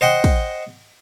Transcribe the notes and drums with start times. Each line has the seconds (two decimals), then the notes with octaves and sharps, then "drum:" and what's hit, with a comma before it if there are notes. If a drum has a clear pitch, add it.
0.01 C5 D#5 F#5 G5
0.24 drum: kick, cymbal